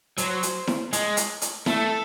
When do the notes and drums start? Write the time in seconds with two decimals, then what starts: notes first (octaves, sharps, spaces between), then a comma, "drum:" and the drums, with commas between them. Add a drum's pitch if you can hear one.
0.18 F#3 C5, drum: hi-hat
0.43 drum: hi-hat
0.67 drum: snare E4
0.93 G#3, drum: hi-hat
1.17 drum: hi-hat
1.42 drum: hi-hat
1.66 A3 A4, drum: snare E4